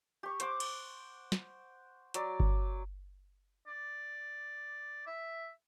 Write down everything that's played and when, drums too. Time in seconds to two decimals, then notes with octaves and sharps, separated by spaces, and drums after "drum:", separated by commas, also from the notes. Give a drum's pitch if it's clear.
0.23 G4 C#6
0.40 C5 F#5 D6, drum: hi-hat
0.60 drum: cymbal
1.32 drum: snare
2.14 F#3 D5, drum: hi-hat
2.40 drum: kick G1
3.67 D5
5.07 E5